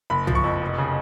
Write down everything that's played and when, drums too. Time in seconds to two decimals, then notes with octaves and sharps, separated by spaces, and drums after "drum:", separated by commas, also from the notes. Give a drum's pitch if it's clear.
0.10 F#1 B5
0.27 F3, drum: tom C2
0.35 C#6
0.44 F2
0.62 F1
0.78 C#3